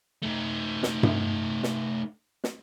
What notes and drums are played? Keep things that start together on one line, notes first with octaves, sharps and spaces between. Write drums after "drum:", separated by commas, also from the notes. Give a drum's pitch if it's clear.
A3 D#4
drum: snare
drum: tom G2
drum: snare
drum: snare